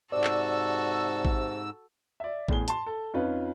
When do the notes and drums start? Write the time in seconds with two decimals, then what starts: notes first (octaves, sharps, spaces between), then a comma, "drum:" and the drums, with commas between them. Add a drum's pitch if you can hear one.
0.12 G#2 C3 F#4 A4 D5 E6
0.24 drum: clap
1.25 drum: kick A1
2.20 D5 E5
2.48 E2 A2 G#4 G7, drum: kick A1
2.68 A5 C6, drum: hi-hat
2.86 A4
3.14 F2 C#4 D#4 F4 B4